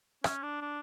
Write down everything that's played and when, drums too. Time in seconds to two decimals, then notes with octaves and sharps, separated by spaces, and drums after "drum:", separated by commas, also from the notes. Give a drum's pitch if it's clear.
0.24 C#4, drum: rim click
0.43 D4
0.62 D4